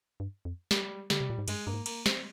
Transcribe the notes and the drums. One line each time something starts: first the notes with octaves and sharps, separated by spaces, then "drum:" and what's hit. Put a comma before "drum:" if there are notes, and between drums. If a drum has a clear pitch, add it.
G2
F2
G3, drum: snare
D3 G3, drum: snare
C3
A#2
G#2
G2 G#3, drum: cymbal
G2 A#3
G#2
A#3, drum: cymbal
C4, drum: snare